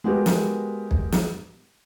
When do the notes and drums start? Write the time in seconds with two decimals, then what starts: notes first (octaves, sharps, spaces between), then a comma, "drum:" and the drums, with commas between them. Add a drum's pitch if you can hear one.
0.04 G#3 B3 F#4 G4 A#4
0.26 drum: snare
0.91 drum: kick
1.12 drum: snare